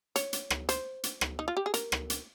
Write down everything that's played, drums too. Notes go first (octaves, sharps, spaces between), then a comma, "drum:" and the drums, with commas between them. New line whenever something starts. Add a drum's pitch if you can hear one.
C#5, drum: hi-hat
drum: hi-hat
drum: rim click
C5, drum: hi-hat
drum: hi-hat
drum: rim click
D#4
F4
G4
G#4
A#4, drum: hi-hat
drum: rim click
drum: hi-hat